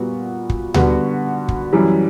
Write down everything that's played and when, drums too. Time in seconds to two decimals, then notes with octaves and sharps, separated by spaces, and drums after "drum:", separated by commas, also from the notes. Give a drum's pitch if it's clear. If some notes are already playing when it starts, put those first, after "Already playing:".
Already playing: A#2 G3 B3 F#4
0.50 drum: kick
0.74 D3 G3 B3 F#4, drum: tom D2
1.48 drum: kick
1.73 F#2 E3 G3